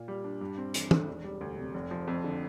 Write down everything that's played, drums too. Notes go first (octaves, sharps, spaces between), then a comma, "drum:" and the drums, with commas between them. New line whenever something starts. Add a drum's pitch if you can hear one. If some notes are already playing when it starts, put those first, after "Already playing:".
Already playing: A#2 F4
G3
D4
G2
C4
E3, drum: hi-hat
A3, drum: tom
E1
G3
D2
C3
F1
F3
F2
D3